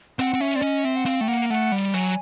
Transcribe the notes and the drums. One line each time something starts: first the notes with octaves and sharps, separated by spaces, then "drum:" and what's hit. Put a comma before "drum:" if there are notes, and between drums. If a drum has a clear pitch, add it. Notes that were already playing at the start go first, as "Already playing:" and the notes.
C4 F#5, drum: hi-hat
C4
C#4 E5
C4 D5
C#4 D#5
C4 E5
F#5
C4 F5, drum: hi-hat
A3 G5
A#3 F#5
A3 F#5
G3
F#3 G#5, drum: hi-hat